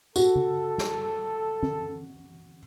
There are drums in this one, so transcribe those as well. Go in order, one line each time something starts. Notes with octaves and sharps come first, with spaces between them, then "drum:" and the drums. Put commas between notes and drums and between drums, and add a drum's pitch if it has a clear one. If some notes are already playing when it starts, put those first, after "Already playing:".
F#4 A4, drum: tambourine
drum: tom C#3
drum: snare
drum: tom